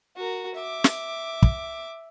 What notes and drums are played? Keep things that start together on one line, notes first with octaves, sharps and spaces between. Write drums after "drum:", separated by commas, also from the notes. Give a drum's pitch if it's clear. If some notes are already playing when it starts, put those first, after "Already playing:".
F#4 A#4
E5 D6
drum: snare
drum: kick